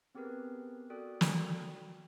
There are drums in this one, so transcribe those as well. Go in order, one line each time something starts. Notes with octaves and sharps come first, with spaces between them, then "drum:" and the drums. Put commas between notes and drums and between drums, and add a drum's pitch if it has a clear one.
B3 C4 G4 G#4 A#4 B4
F#4 A4 D5 G5 D#6 F#6
drum: snare